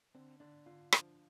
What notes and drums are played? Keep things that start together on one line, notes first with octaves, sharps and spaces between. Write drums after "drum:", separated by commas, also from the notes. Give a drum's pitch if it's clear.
D3 C4
D3 D4
D3 F4
F3, drum: rim click